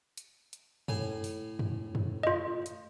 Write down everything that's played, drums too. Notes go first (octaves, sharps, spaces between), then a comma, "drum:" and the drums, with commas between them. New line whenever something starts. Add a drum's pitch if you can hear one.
drum: hi-hat
drum: hi-hat
A2 G#5, drum: tom F#2
drum: open hi-hat
drum: tom F#2
drum: tom F#2
F4 D#5
drum: hi-hat